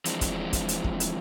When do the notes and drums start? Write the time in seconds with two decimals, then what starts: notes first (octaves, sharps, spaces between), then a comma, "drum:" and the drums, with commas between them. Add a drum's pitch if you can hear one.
0.05 E3 F3 G#3 C4 D4, drum: hi-hat
0.21 drum: kick, hi-hat
0.53 drum: kick, hi-hat
0.69 drum: hi-hat
0.84 drum: kick
1.00 drum: hi-hat